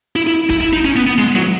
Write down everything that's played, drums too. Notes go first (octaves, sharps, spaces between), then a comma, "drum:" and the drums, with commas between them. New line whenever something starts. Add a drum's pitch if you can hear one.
E4, drum: hi-hat
E4
E4, drum: kick, hi-hat
E4
D#4
C#4, drum: hi-hat
B3
B3
G#3, drum: hi-hat
F#3, drum: snare E4